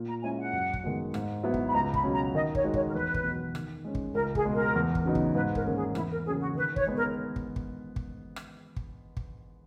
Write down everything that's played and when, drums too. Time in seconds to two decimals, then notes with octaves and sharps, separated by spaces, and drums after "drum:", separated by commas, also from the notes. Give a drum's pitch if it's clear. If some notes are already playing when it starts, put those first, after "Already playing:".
Already playing: A#2
0.08 A#5
0.23 G#3 C#4 E4 G#5
0.39 F#5
0.53 F#2
0.74 drum: kick
0.84 D#3 G#3 B3 F#4
1.14 G#2, drum: rim click
1.43 F#3 B3 E4
1.54 drum: kick
1.68 B5
1.73 C#2 A#5
1.94 B5, drum: kick
2.04 B2 F#3 C#4
2.13 A#5
2.34 D#3 D#5
2.55 C#5, drum: kick
2.64 G#3 D#4 F#4
2.74 C#5, drum: kick
2.88 A#4
2.94 E2 B4
3.14 drum: kick
3.24 B2 F#3
3.55 D#3, drum: rim click
3.84 G#3 C#4
3.95 drum: kick
4.15 C#2 A#4
4.35 G#4, drum: kick
4.45 B2 G#3
4.54 A#4
4.76 E2
4.95 drum: kick
5.05 C#3 F#3 B3 D#4
5.15 drum: kick
5.35 G#2 B4
5.55 A#4, drum: kick
5.66 D#3 A#3 C#4
5.75 G#4
5.95 E2 E4, drum: rim click
6.10 A#4
6.25 C#3 F#3 A#3 C#4 G#4
6.40 F#4
6.55 D#3 B4
6.76 C#5, drum: kick
6.86 G#3 B3
6.96 A#4
7.36 drum: kick
7.56 drum: kick
7.96 drum: kick
8.36 drum: rim click
8.76 drum: kick
9.17 drum: kick